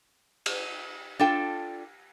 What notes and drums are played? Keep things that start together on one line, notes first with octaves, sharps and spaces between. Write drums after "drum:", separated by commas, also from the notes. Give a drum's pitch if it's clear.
drum: cymbal
D4 F4 A4 G5